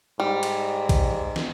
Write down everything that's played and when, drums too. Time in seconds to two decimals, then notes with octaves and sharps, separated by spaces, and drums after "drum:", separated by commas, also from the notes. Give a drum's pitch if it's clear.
0.20 G#2 G3
0.43 drum: cymbal
0.89 drum: kick A#1, cymbal
1.36 drum: snare